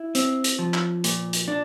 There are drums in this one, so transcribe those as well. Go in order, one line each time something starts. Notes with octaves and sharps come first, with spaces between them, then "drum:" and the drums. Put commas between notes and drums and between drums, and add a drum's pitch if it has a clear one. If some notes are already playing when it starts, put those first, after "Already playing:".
Already playing: E4
C4, drum: hi-hat
drum: hi-hat
F3
drum: clap
A#2, drum: hi-hat
drum: hi-hat
D4